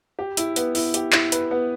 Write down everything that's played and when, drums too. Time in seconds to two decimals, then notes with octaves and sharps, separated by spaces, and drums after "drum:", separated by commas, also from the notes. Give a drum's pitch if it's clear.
0.19 G4
0.37 E4, drum: hi-hat
0.56 B3, drum: hi-hat
0.75 E4, drum: open hi-hat
0.94 G4, drum: hi-hat
1.12 E4, drum: clap
1.32 B4, drum: hi-hat
1.51 B3